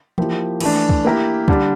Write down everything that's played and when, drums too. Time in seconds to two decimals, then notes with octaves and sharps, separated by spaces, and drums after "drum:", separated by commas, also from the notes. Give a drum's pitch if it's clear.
0.18 F3 A#3 E4 G4, drum: tom E3
0.60 E3 A3 D4, drum: cymbal
0.89 drum: kick
1.05 A#3 E4 G4 A#4
1.48 D3 G3 D4, drum: kick